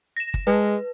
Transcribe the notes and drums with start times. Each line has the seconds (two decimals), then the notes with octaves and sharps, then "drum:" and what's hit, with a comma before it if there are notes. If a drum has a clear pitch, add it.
0.17 A#6 E7
0.34 drum: kick G1
0.47 G#3 B4